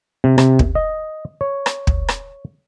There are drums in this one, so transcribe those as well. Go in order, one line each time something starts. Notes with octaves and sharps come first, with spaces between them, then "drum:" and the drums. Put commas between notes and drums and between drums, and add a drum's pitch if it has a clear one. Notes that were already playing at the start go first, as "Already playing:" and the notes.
C3
C3, drum: rim click
drum: kick
D#5
C#5
drum: rim click
drum: kick
drum: rim click